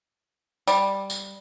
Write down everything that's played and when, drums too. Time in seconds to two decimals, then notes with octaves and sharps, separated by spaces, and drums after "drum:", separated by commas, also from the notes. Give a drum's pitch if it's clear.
0.67 G3, drum: tambourine
1.10 drum: tambourine